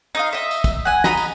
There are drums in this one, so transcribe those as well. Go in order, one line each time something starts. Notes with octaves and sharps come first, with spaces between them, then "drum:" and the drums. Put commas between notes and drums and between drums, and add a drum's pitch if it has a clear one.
D#4 D#5 F5
D#5 E5
drum: tambourine
drum: kick, tambourine
F#5 G#5
D#5 A#5 B5 D#6, drum: snare
drum: tambourine